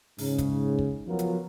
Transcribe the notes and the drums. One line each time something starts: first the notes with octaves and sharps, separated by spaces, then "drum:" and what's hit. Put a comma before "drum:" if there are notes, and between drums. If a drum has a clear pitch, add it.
G#2 C#3, drum: open hi-hat
drum: kick, hi-hat
drum: kick
F3 F#3 B3 F4 A#4
drum: hi-hat